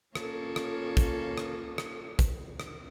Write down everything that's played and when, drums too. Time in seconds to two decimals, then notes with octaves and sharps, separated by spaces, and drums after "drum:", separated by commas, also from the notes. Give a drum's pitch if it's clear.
0.15 A#3 C#4 F4 A4 C#5, drum: rim click
0.56 drum: rim click
0.97 drum: kick, hi-hat
1.38 drum: rim click
1.78 drum: rim click
2.19 drum: kick, hi-hat
2.60 drum: rim click